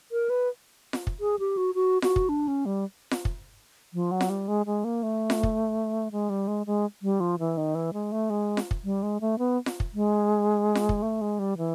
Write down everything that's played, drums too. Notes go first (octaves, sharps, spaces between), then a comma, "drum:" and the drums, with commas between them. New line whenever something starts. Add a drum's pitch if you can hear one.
A#4
B4
drum: snare F4
drum: kick
G#4
G4
F#4
F#4
F#4, drum: snare F4
drum: kick
D4
C#4
G3
drum: snare F4
drum: kick
F3
F#3
drum: snare F4
G3
G#3
G#3
A#3
A3
drum: snare F4
drum: kick
G#3
G3
G#3
G#3
G3
F3
E3
D#3
E3
G#3
A3
G#3
drum: snare F4
drum: kick
G3
G#3
A3
B3
drum: snare F4
drum: kick
G#3
drum: snare F4
drum: kick
A3
G#3
G3
E3